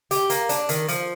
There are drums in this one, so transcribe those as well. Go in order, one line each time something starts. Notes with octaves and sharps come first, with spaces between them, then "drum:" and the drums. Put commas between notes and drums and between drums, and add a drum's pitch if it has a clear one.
G4, drum: hi-hat
A#3, drum: hi-hat
D4, drum: hi-hat
D#3, drum: hi-hat
F3, drum: hi-hat